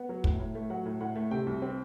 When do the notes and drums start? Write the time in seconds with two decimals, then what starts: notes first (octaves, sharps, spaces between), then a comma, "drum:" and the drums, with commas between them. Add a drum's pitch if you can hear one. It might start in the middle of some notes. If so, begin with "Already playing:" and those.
Already playing: B3 F#5
0.09 F#3
0.24 A2, drum: kick
0.39 A2
0.55 A3
0.70 F#3 F#5
0.86 A2
1.01 A2 F#5
1.15 A3
1.31 C3 G5
1.47 C2
1.62 C4